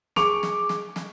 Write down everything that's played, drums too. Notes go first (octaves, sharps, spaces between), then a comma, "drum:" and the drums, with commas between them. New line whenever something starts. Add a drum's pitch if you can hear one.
G#4 C#6 D6 F7, drum: snare
drum: snare
drum: snare
drum: snare